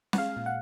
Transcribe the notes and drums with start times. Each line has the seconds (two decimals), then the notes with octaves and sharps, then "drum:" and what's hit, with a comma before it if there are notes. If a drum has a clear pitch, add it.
0.13 F#5, drum: snare
0.18 G#3 F5
0.37 A#2
0.46 F#5